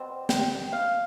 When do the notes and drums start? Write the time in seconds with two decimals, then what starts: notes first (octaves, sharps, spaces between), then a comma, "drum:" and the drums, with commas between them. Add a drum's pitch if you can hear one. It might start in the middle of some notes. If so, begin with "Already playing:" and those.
Already playing: B2 G3 C4
0.29 G5, drum: snare
0.73 F5